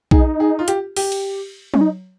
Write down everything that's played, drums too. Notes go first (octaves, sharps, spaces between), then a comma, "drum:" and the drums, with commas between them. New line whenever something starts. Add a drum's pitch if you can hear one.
D#4 G#4, drum: kick B1
G#4
F4
G4, drum: hi-hat
G4, drum: open hi-hat
drum: cymbal
C#4, drum: tom F#3
D#4